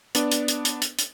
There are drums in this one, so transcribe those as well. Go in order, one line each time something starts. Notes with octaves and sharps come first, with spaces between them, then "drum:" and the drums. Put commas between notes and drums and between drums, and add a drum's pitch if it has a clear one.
B3 D4 D5, drum: hi-hat
drum: hi-hat
drum: hi-hat
drum: hi-hat
drum: hi-hat
drum: hi-hat